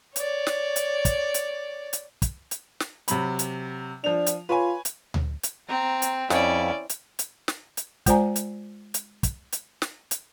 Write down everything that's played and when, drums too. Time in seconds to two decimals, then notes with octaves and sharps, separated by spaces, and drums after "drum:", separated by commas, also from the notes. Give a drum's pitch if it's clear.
0.16 C#5 D5, drum: hi-hat
0.47 drum: snare
0.76 drum: hi-hat
1.05 drum: kick, hi-hat
1.34 drum: hi-hat
1.93 drum: hi-hat
2.22 drum: kick, hi-hat
2.51 drum: hi-hat
2.80 drum: snare
3.08 C3 F#3 B5, drum: hi-hat
3.39 drum: hi-hat
4.04 F3 D4 F7
4.26 drum: hi-hat
4.49 F4 B4 C#5 G#5
4.85 drum: hi-hat
5.14 drum: tom D2
5.43 drum: hi-hat
5.68 C4 A#5
6.02 drum: hi-hat
6.30 F2 C#4 E4 D5, drum: snare
6.89 drum: hi-hat
7.19 drum: hi-hat
7.48 drum: snare
7.77 drum: hi-hat
8.06 G#3 F4 C5 D5 G#5 A#5, drum: kick, hi-hat
8.36 drum: hi-hat
8.94 drum: hi-hat
9.23 drum: kick, hi-hat
9.52 drum: hi-hat
9.82 drum: snare
10.11 drum: hi-hat